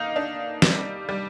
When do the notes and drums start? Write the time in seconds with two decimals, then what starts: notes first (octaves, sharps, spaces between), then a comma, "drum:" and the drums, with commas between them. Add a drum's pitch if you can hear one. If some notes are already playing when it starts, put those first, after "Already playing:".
Already playing: A#3 D#4 D#5 F5
0.16 D4
0.62 G3, drum: snare
1.09 G3